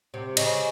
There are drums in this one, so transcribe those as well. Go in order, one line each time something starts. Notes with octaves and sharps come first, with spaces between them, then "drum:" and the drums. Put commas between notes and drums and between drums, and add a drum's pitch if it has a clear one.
C3
C#3 D#5, drum: cymbal